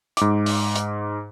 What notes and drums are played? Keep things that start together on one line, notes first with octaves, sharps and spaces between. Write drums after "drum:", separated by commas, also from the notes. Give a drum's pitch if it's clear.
G#2 D6, drum: hi-hat
drum: open hi-hat
drum: hi-hat